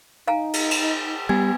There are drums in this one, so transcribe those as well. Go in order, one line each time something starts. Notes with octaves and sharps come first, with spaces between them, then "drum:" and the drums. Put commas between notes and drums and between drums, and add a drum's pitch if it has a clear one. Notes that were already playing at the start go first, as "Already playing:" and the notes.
D#4 F5 G#5 A#5
drum: cymbal
drum: cymbal
G3 B3 G#5 G#6